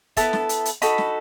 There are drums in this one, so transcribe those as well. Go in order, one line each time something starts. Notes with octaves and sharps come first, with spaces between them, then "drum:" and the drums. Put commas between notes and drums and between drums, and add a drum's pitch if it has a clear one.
B3 E4 A4 A5, drum: kick, hi-hat
drum: snare
drum: hi-hat
drum: hi-hat
D#4 F#4 A4 B5, drum: hi-hat
drum: snare